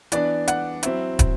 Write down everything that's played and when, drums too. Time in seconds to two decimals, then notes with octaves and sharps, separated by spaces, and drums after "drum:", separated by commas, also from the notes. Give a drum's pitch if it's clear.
0.12 E3 B3 D4 D5, drum: hi-hat
0.48 F#5, drum: hi-hat
0.83 F#3 C4 E4, drum: hi-hat
1.19 drum: kick, hi-hat